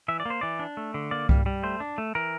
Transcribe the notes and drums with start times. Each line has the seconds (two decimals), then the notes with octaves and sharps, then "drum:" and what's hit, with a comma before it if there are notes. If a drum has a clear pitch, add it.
0.08 E3 E5
0.20 D5
0.25 A#3 C5
0.41 E3 D5
0.59 D4
0.77 A3
0.94 D3
1.11 A#3 D5
1.29 G3, drum: kick C2
1.46 G3
1.63 A3 C5
1.80 D4
1.98 A3
2.15 E3 A#4